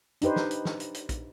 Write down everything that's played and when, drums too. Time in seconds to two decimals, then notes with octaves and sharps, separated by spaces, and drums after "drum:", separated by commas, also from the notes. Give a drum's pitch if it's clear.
0.22 D4 D#4 G4 B4 C5, drum: hi-hat
0.36 drum: snare
0.51 drum: hi-hat
0.65 drum: snare
0.80 drum: hi-hat
0.94 drum: hi-hat
1.09 drum: kick, hi-hat